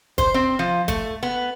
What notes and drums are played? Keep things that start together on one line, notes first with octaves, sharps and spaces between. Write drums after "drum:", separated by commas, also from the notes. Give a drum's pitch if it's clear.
C5, drum: kick, hi-hat
C4
F3
A3, drum: kick, hi-hat
B3